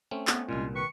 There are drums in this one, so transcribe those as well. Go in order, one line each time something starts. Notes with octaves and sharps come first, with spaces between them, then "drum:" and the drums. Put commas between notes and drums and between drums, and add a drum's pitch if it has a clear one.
A3 C4 C#4
B3, drum: clap
C2 A#2 G#3 C#4 F4
D#3 B4 C#6